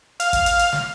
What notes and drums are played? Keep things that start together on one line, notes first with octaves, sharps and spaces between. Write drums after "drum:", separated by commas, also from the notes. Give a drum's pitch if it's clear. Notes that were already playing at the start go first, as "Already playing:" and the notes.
F5, drum: hi-hat
drum: kick, hi-hat
drum: hi-hat
drum: hi-hat
drum: snare